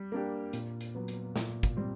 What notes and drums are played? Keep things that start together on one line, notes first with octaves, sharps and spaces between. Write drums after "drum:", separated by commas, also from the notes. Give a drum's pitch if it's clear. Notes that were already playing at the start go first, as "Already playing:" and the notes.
Already playing: G3
A#3 D4 G4
A#2, drum: hi-hat
drum: hi-hat
F#3 B3
drum: hi-hat
A#2, drum: snare
drum: kick, hi-hat
G3 C4